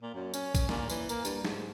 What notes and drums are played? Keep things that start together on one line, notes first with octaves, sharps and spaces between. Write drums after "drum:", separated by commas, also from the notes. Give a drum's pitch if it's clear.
A#2
F#2
C#4, drum: tambourine
C#4, drum: kick, tambourine
A#2, drum: snare
E3, drum: tambourine
A#3, drum: tambourine
G2, drum: tambourine
G#2, drum: snare